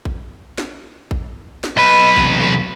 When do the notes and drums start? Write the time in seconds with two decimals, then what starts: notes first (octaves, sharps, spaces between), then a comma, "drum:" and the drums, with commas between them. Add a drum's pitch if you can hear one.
0.05 drum: kick A1
0.58 drum: snare
1.11 drum: kick A1
1.64 drum: snare
1.77 B1 B4 D#5 B5
2.16 E2 C3, drum: kick A1